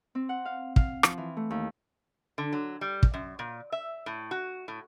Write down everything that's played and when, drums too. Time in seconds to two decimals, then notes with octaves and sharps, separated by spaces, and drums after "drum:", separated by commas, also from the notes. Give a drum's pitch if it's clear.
0.15 C4
0.29 F#5
0.45 F5
0.76 F5, drum: kick
1.03 F3, drum: rim click
1.18 E3
1.37 A3
1.50 D#2
2.38 D3
2.53 F#3
2.81 G3
3.03 drum: kick
3.14 F#2
3.39 A#2
3.72 E5
4.06 A2
4.31 F#4
4.68 A2